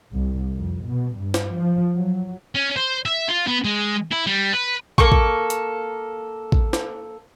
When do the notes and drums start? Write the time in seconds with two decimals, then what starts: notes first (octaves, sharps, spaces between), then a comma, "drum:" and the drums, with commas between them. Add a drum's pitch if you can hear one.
0.13 C2
0.56 F2
0.85 B2
1.15 G2
1.34 drum: snare
1.52 F3
1.95 F#3
2.55 C#4
2.77 C5
3.06 E5
3.29 F4
3.47 B3
3.65 G#3
4.11 E4
4.27 G3
4.53 B4
4.98 A#3 A4 C#6, drum: kick
5.12 drum: kick
5.50 drum: hi-hat
6.52 drum: kick
6.73 drum: snare